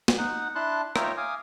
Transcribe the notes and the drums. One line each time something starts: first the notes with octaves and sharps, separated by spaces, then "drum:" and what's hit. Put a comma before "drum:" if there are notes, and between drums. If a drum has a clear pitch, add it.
drum: snare
D#4 F#5
D4 E4 A5 C6 F#6
D#4 F4 C#5 E5 G5 A#5, drum: rim click
F5 G#5 D6 D#6